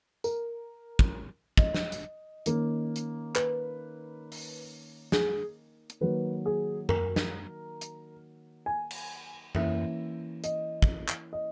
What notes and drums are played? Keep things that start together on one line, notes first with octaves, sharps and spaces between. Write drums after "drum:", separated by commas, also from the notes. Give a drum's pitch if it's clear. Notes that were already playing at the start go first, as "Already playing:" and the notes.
A#4, drum: tambourine
drum: kick
D#5, drum: kick
drum: snare
drum: hi-hat
D#3 A#3 C#4, drum: hi-hat
drum: hi-hat
B4, drum: clap
drum: open hi-hat
G#4, drum: snare
drum: hi-hat
D#3 F#3 A#3 B4
G#4
A#4, drum: tom F#2
drum: snare
drum: hi-hat
G#5
drum: cymbal
E3 A#3 C#4 E5, drum: tom F#2
D#5, drum: hi-hat
drum: kick
drum: clap
D#5